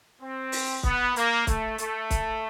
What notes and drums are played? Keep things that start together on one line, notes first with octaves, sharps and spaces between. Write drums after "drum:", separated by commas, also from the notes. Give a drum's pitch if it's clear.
C4
drum: open hi-hat
B3, drum: kick
A#3, drum: hi-hat
A3, drum: kick, hi-hat
A3, drum: hi-hat
drum: kick, hi-hat